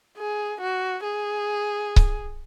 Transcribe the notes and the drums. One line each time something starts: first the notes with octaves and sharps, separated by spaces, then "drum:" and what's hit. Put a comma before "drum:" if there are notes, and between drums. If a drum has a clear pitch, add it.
G#4
F#4
G#4
drum: kick C#1